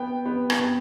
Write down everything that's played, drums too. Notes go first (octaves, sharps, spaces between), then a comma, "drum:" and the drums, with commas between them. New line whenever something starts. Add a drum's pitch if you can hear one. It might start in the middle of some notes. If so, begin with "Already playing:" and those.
Already playing: B3 G5
B3
drum: rim click
B3